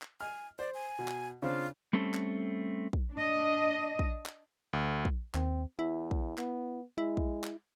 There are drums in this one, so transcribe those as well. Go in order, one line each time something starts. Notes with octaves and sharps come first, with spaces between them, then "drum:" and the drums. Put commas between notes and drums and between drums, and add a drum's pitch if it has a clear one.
drum: clap
G#5 F6
C5 D5
G#5
B2
drum: clap
C#3 C4 D4 F4
G3 A3 C4 C#4 A4
drum: clap
drum: kick
D4 D#5
drum: kick
drum: clap
D2
drum: kick
D#2 C4, drum: clap
E2 E4
drum: kick
B3, drum: clap
G#3 E4
drum: kick
drum: clap